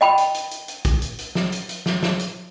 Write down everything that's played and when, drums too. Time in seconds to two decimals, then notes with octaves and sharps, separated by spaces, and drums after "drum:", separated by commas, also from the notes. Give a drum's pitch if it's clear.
0.01 D#5 G5 B5
0.18 drum: hi-hat
0.34 drum: hi-hat
0.51 drum: hi-hat
0.68 drum: hi-hat
0.85 drum: kick, hi-hat
1.02 drum: hi-hat
1.19 drum: hi-hat
1.35 drum: snare
1.52 drum: hi-hat
1.69 drum: hi-hat
1.86 drum: snare
2.03 drum: snare
2.19 drum: hi-hat